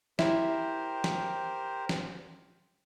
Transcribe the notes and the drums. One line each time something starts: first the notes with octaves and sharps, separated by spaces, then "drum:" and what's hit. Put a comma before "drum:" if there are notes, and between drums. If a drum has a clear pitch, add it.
E4 G4 A#4 C5, drum: snare
drum: snare
drum: snare